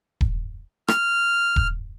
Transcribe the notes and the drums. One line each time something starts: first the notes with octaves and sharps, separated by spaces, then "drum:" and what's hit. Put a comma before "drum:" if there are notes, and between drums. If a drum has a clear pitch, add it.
drum: kick D#1
F6, drum: rim click
drum: kick D#1